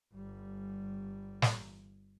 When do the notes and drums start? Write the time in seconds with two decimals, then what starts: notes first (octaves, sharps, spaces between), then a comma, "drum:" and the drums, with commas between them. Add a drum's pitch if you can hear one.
0.14 G1 G3
1.42 drum: snare